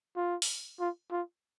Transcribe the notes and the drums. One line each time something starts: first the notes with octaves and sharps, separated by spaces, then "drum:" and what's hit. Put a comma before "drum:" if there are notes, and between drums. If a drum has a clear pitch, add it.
F4
drum: open hi-hat
F4
F4